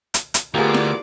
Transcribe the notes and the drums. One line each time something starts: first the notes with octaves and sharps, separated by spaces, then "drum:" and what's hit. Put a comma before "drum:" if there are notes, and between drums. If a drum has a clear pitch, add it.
drum: hi-hat
drum: hi-hat
D2 A#3 B3 F4 G4 G#4 D5 D6
drum: snare E4